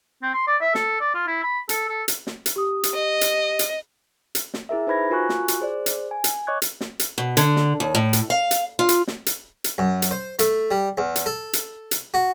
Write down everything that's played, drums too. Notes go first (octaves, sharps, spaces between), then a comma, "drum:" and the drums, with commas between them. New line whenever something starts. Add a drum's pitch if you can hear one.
C4
C6
D5
E5
A4, drum: snare
D5
F4
E4
B5
A4, drum: hi-hat
A4
drum: hi-hat
drum: snare
drum: hi-hat
G4 D#6
drum: hi-hat
D#5
drum: hi-hat
drum: hi-hat
drum: hi-hat
drum: snare
E4 G#4 A#4 E5
D#4 B4 C5 B5 G#6 A#6
F4 F#4 A#4 G#5 C#6 F#6
drum: snare
drum: hi-hat
G#4 C5 D5
drum: hi-hat
G#5
drum: hi-hat
C#5 D#5 C#6 D6 F#6 G#6
drum: hi-hat
drum: snare
drum: hi-hat
B2
D3, drum: hi-hat
drum: snare
D#2
A2
drum: hi-hat
F5
drum: hi-hat
F4
drum: hi-hat
drum: snare
drum: hi-hat
drum: hi-hat
F#2
drum: hi-hat
C5
A3, drum: hi-hat
G3
E2
drum: hi-hat
A4
drum: hi-hat
drum: hi-hat
F#4